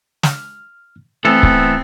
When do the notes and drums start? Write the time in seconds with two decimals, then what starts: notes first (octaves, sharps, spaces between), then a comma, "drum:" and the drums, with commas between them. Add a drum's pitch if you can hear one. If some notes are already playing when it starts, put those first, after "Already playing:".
0.23 F6, drum: snare
1.25 E3 A3 B3 C4 A4
1.43 drum: kick C#1